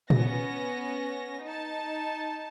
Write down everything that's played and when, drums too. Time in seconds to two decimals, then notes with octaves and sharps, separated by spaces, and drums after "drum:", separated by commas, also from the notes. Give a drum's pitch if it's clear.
0.10 B3 C#4 A#6, drum: tom A#2
1.44 D#4 A5